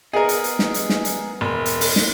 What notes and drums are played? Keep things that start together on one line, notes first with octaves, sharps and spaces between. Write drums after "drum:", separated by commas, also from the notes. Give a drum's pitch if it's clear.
B3 G#4 A#4 D#5
drum: hi-hat
drum: hi-hat
drum: snare
drum: hi-hat
drum: snare
drum: hi-hat
E1
drum: hi-hat
drum: open hi-hat
drum: snare